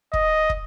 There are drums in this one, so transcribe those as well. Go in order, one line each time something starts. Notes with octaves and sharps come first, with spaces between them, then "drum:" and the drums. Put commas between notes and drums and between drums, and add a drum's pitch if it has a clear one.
D#5, drum: kick
drum: kick